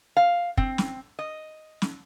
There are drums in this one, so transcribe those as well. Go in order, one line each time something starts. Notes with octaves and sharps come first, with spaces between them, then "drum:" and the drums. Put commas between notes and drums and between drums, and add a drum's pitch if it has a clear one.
F5
C4, drum: kick
drum: snare
D#5
drum: snare